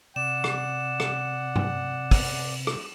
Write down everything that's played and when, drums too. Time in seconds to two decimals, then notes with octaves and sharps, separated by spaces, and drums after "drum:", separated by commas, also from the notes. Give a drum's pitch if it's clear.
0.16 C3 D5 F#5 E7
0.44 drum: rim click
1.00 drum: rim click
1.56 drum: tom G2
2.11 drum: kick, open hi-hat
2.67 drum: rim click